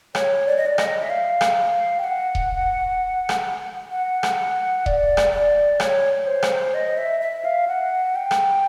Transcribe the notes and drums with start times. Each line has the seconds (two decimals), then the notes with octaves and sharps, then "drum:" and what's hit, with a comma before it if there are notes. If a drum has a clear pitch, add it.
0.15 C#5, drum: rim click
0.47 D5
0.57 D#5
0.66 D5
0.78 D#5, drum: rim click
1.02 E5
1.10 F5
1.41 drum: rim click
1.99 G5
2.04 F#5
2.35 drum: kick D#1
3.29 drum: rim click
3.91 F#5
4.23 drum: rim click
4.86 D5, drum: kick D#1
5.17 drum: rim click
5.32 D5
5.80 C#5, drum: rim click
6.27 C5
6.43 drum: rim click
6.74 D#5
6.98 E5
7.21 E5
7.45 F5
7.68 F#5
8.16 G5
8.31 drum: rim click